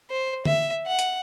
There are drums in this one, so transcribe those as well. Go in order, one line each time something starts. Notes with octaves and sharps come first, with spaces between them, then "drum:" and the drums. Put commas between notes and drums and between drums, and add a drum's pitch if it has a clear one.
C5
E5, drum: tom
F#5
drum: hi-hat